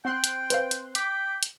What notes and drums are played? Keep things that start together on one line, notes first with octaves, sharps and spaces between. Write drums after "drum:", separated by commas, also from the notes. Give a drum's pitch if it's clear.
C4 F#5 G5 C6 F#6
drum: hi-hat
B4 C5 F5, drum: hi-hat
drum: hi-hat
G5 D6 B6, drum: hi-hat
drum: hi-hat